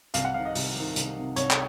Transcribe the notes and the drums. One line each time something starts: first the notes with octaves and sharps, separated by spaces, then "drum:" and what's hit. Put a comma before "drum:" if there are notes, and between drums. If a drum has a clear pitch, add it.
C2 F5, drum: hi-hat
F#5
C3 D#3 F5
D#5
C2, drum: open hi-hat
C3 D#3
C2, drum: hi-hat
C3 D#3
C2 C#5, drum: hi-hat
drum: clap